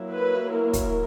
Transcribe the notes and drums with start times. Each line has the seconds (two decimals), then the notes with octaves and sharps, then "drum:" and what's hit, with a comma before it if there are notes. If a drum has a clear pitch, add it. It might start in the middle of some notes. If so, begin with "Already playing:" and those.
Already playing: F#3 A#3 E4
0.14 B4
0.54 A#4
0.73 drum: kick, hi-hat